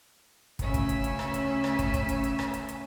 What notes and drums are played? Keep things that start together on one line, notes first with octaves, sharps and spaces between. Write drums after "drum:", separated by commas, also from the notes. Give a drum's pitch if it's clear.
D2 C#3 C#4 E5 G#5, drum: kick, hi-hat
drum: kick, hi-hat
drum: hi-hat
drum: hi-hat
drum: rim click
drum: hi-hat
drum: rim click
drum: kick, hi-hat
drum: kick, hi-hat
drum: hi-hat
drum: hi-hat
drum: rim click
drum: hi-hat
drum: hi-hat